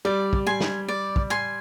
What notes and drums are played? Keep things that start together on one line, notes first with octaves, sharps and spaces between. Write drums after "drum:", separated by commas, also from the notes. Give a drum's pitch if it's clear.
G3 D5
drum: kick
G#5 C6
drum: snare
D5
drum: kick
G#5 C6